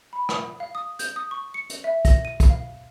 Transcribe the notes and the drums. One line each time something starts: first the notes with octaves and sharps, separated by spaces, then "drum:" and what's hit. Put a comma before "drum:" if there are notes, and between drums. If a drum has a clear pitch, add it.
B5
drum: rim click
F5
D#6
G6, drum: hi-hat
D#6
C#6
C#7
drum: hi-hat
E5
A#6, drum: kick, hi-hat
D#7
drum: kick, hi-hat
F5